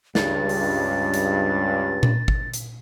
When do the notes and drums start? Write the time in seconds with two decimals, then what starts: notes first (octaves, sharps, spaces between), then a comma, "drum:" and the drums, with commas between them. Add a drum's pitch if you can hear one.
0.15 C#2 G2 A6, drum: snare
0.49 drum: open hi-hat
1.14 drum: hi-hat
2.03 drum: tom A#2
2.28 drum: kick
2.54 drum: hi-hat